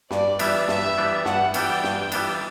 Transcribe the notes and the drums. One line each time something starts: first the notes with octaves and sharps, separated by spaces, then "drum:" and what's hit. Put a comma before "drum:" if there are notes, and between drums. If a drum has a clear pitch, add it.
G2 D5, drum: snare
E3 G3 B3 D4 E5, drum: cymbal
G2 E5, drum: snare
E3 G3 B3 D4
G2 F#5, drum: snare
E3 G3 B3 D4 G5, drum: cymbal
G2, drum: snare
E3 G3 B3 D4, drum: cymbal